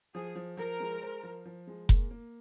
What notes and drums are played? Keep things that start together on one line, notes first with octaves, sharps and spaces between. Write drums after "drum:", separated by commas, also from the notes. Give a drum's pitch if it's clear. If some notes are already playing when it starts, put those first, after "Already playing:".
F3 G#4
F3
F3 A#4
G#3
C5
F3
F3
G#3
A#3, drum: kick F1
A#3